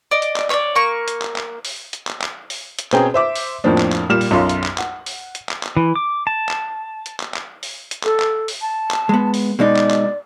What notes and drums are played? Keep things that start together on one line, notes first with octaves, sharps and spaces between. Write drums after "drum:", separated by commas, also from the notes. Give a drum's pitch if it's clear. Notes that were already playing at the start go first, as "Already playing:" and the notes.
D5 D#5
drum: hi-hat
drum: clap
C#5 D5, drum: clap
A#3 C#6
drum: hi-hat
drum: clap
drum: clap
drum: open hi-hat
drum: hi-hat
drum: clap
drum: clap
drum: open hi-hat
drum: hi-hat
B2 C4 C#4 G#4 G5 A#5, drum: clap
C5 E5 D6
drum: open hi-hat
F2 A2 F3 A#3 C4 D4
drum: clap
drum: clap
A#2 G3 A#3 F6 E7
drum: open hi-hat
B1 F#2 F4 C6
drum: hi-hat
drum: clap
F#5, drum: clap
drum: open hi-hat
drum: hi-hat
drum: clap
drum: clap
E3
D6
A5
drum: clap
drum: hi-hat
drum: clap
drum: clap
drum: open hi-hat
drum: hi-hat
A4, drum: clap
drum: clap
drum: open hi-hat
A5
drum: clap
G#3 B3
drum: open hi-hat
B2 G#3 D#4 D5
drum: clap
drum: clap